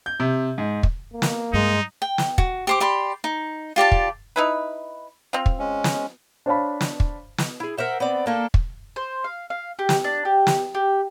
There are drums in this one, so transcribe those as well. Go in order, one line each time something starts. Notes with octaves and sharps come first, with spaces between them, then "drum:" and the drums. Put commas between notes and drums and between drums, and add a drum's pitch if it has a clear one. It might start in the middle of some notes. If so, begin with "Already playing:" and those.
G6
C3
G#2
drum: kick
A#3
drum: snare
G2 G#3 D#4
G5
drum: snare
F#4, drum: kick
G4 C5 D6
G4 D5 B5 C6
D#4
F4 G4 D5 A5
drum: kick
D#4 E4 B4
C4 F4
drum: kick
G#3 C#4
drum: snare
D4 C5 C#5 F5 A5 B5
drum: snare
drum: kick
drum: snare
E4 G#4
A#4 C5 E5 F#5
B3 C4 D5
A3 A#3 D4
drum: kick
C5
F5
F5
G4
drum: snare
D4
G4
drum: snare
G4